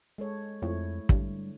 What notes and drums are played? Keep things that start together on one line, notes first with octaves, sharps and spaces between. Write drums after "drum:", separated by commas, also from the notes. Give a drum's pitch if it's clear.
G#3 A4 C#5
F2 A3 E4 C#5
G2 D3, drum: kick